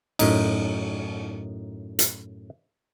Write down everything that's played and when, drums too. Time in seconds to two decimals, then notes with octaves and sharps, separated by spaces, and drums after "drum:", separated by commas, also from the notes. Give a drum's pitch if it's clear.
0.19 F#2 A2 D#4, drum: cymbal
1.99 drum: hi-hat